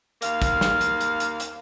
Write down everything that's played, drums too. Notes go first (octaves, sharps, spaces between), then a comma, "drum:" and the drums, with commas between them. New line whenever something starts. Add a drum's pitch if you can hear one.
D#2 A#3 F5, drum: hi-hat
drum: kick, hi-hat
drum: snare
drum: hi-hat
drum: hi-hat
drum: hi-hat
drum: hi-hat